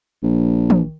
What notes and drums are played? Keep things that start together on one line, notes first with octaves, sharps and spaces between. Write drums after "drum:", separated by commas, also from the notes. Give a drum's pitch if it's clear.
A#1
drum: tom